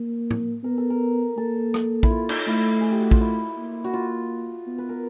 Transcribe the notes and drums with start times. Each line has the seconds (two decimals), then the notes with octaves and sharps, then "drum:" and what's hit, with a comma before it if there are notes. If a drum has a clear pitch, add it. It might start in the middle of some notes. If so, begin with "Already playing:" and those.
Already playing: A#3
0.31 drum: tom A2
0.64 B3 A#4
0.78 A4
0.90 A#4
1.37 A#3 A4
1.74 drum: rim click
2.03 E4, drum: kick
2.11 F4
2.29 D#4, drum: cymbal
2.47 A3 E4
2.81 G#4
2.91 G4
3.01 F#4
3.11 F4, drum: kick
3.21 E4
3.58 A#3
3.84 F#4
3.94 F4
4.67 B3
4.78 B4
4.89 A#4